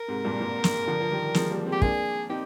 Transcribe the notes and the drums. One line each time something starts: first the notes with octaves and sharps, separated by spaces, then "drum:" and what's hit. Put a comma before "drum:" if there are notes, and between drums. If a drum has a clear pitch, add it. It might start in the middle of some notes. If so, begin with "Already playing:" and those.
Already playing: A#4
G#2 C3
G2 A#2
G2 A#2
drum: snare
D3 F3
F3
D#3 G3
F3 G#3, drum: snare
G3 A#3
G#3 C4
G4
A#3 D4 G#4, drum: kick
C4 D#4 G4